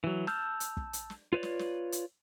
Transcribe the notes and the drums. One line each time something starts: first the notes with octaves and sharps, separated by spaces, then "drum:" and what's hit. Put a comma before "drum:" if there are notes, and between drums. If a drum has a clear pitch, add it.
E3 F#3
A5 E6 F6 G6, drum: snare
drum: hi-hat
drum: kick
drum: hi-hat
drum: snare
F4 B4 C#5 D5
drum: snare
drum: snare
drum: hi-hat